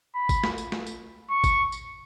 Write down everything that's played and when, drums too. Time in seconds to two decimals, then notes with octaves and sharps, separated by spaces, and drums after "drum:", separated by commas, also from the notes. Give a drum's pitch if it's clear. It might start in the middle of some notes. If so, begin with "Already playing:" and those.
0.15 B5
0.29 drum: kick G#1, tambourine
0.44 drum: snare
0.58 drum: tambourine
0.72 drum: snare
0.86 drum: tambourine
1.30 C#6
1.44 drum: kick G#1, tambourine
1.72 drum: tambourine